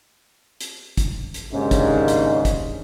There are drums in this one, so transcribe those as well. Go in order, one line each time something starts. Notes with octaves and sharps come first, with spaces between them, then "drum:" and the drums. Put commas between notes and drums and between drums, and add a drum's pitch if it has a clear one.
drum: hi-hat
drum: kick, hi-hat
drum: hi-hat
D#2 G#2 C#3 G#3 C#4 D4
drum: kick, hi-hat
drum: hi-hat
drum: kick, hi-hat